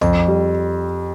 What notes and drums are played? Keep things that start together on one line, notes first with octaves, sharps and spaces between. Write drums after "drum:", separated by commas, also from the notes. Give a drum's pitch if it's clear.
F2, drum: tom
G3